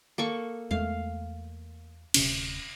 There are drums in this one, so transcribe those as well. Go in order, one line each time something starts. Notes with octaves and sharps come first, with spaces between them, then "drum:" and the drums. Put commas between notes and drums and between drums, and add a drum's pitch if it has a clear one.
A#3 A4 C#6
E2 G#3 A3 F5
D1 C3 C#4, drum: cymbal